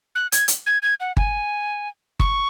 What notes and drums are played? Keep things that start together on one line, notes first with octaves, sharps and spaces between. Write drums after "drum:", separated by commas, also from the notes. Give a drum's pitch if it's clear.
F#6
G#6, drum: hi-hat
drum: hi-hat
G#6
G#6
F#5
G#5, drum: kick G1
C#6, drum: kick G1